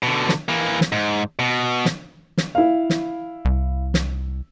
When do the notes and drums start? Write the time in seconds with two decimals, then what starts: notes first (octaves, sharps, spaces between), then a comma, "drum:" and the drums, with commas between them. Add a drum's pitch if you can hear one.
0.03 B2 D3
0.29 drum: snare
0.49 E3 A#3
0.81 drum: snare
0.92 G#2
1.39 B2
1.85 drum: snare
2.37 drum: snare
2.55 E4 F5
2.90 drum: snare
3.45 C2
3.94 drum: snare